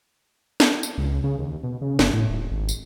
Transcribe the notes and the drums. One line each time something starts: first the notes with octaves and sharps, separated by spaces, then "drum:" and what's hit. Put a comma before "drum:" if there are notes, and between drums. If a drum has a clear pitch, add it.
drum: snare
drum: tambourine
C#2
C#3
D#2
B2
C#3
G1, drum: snare
A2
D#1
G#1
drum: tambourine